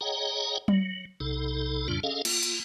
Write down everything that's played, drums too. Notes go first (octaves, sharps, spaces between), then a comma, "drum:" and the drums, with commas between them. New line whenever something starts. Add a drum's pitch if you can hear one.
G#4 C#5 D#5 F#5 G5 A#5
F#3, drum: tom F#3
B1 C3 D#4 A4
F2 A2 C#3 G3 D4 F4
C#4 G#4 A4 D#5 F5
A#3 F4, drum: cymbal
drum: hi-hat